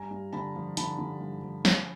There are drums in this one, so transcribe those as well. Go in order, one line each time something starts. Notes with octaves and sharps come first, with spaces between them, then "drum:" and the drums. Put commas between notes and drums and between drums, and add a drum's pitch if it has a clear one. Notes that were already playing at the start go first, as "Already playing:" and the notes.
Already playing: G2 G#5 A#5
G2
D3 A5 B5
F3
D3 A5 B5, drum: hi-hat
D3
G2
F3
C#4, drum: snare